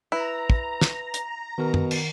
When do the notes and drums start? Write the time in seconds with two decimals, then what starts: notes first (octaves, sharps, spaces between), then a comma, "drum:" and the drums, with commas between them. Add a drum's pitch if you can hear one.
0.12 E4 B4 A#5
0.50 drum: kick
0.81 drum: snare
1.14 drum: hi-hat
1.58 B2 D#3 A#4
1.74 drum: tom F#2
1.91 drum: cymbal